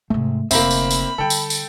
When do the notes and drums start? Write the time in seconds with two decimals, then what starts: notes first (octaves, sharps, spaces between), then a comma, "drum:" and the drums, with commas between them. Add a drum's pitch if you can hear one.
0.10 G#2 C3 A3
0.51 F1 D3 A#3 C4 E5 A#5 B5, drum: tambourine
0.71 drum: tambourine
0.91 drum: tambourine
1.18 D3 G3 A4 G5
1.30 drum: tambourine
1.50 drum: tambourine